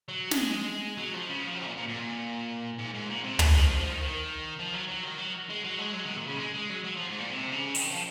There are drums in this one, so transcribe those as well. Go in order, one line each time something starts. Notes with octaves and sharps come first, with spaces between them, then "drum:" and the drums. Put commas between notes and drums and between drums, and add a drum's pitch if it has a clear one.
F#3
G#3, drum: snare
F#3
F3
C#3
F3
F#3
A#2
A#2
A#2
G#2
G#2
A#2
C3
C#3, drum: tom
F3
D#3
F3
F3
D#3
D#3
F3
F#3
F#3
D#3
F#3
G#3
F#3
G#3
F#3
D#3
A#2
C#3
G#3
G#3
F#3
F#3
F3
G#2
A#2
C3
C#3
D#3, drum: open hi-hat
F3